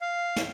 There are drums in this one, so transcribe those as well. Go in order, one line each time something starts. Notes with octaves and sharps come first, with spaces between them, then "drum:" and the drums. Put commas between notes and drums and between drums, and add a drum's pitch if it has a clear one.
F5
drum: snare